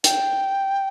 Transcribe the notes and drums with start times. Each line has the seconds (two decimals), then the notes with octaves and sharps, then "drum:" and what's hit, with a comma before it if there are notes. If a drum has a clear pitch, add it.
0.04 G5, drum: hi-hat